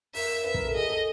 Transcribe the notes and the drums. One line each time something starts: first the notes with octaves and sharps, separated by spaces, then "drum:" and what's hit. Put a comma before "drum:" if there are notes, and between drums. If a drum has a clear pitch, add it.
A#4 E5, drum: open hi-hat
B4 E5
A#4, drum: kick
A4
G#4 D#5
A4